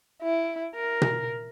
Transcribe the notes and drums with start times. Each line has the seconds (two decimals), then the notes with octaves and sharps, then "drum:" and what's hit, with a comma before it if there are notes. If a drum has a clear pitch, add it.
0.22 E4
0.75 A#4
1.02 drum: tom B2